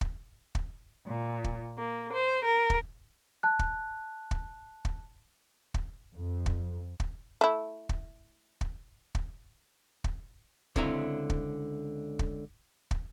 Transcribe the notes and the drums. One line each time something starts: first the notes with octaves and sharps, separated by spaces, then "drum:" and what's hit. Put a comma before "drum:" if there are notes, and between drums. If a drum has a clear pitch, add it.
drum: kick
drum: kick
A#2
drum: kick
A#3
C5
A#4
drum: kick
A5 F#6
drum: kick
drum: kick
drum: kick
drum: kick
F2
drum: kick
drum: kick
A3 E4
drum: kick
drum: kick
drum: kick
drum: kick
C#2 D3 C4 E4 E5 A#5, drum: kick
drum: kick
drum: kick
drum: kick